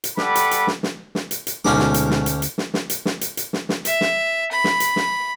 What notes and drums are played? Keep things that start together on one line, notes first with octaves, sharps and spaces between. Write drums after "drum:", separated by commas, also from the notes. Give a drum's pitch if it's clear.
drum: hi-hat
G3 A4 B4 F#5 B5 D6, drum: snare
drum: hi-hat
drum: hi-hat
drum: snare
drum: snare
drum: snare
drum: hi-hat
drum: hi-hat
D2 B2 G#3 C#4 D#4 D6, drum: snare
drum: snare
drum: hi-hat
drum: snare
drum: hi-hat
drum: hi-hat
drum: snare
drum: snare
drum: hi-hat
drum: snare
drum: hi-hat
drum: hi-hat
drum: snare
drum: snare
E5, drum: hi-hat
drum: snare
B5
drum: snare
drum: hi-hat
drum: snare